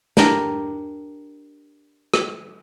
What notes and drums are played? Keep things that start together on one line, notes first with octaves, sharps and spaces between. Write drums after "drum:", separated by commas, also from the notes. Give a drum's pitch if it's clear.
D4 G4 A#4, drum: snare
drum: rim click